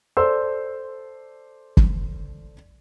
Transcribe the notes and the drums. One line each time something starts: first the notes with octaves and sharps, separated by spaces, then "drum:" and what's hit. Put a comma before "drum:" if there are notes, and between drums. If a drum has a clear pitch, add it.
A4 C5 D5 C6 E6
drum: kick